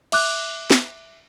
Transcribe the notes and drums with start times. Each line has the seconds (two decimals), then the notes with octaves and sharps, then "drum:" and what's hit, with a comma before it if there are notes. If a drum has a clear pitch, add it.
0.12 E5 D6 F#6, drum: cymbal
0.71 drum: snare